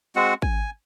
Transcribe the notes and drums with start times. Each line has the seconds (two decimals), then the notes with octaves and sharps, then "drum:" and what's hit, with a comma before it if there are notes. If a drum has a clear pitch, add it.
0.16 G#3 C4 F#4 F#5
0.42 G#5, drum: kick G#1